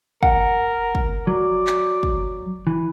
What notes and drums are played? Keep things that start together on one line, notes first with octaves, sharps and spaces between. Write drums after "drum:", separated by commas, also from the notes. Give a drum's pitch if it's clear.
A#4 F#5, drum: kick
drum: kick
F#3 D5
drum: clap
drum: kick
E3